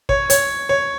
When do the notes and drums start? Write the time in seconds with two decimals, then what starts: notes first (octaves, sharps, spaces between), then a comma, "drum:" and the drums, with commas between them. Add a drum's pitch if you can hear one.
0.09 C#5, drum: kick
0.30 C#5, drum: hi-hat
0.69 C#5